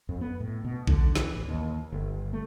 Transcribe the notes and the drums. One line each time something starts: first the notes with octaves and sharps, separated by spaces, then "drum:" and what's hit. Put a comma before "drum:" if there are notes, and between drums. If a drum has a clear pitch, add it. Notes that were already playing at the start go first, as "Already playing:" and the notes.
F2
B3
A2
B2
D3, drum: kick A#1
E3, drum: snare
A1
D#2
G1
A3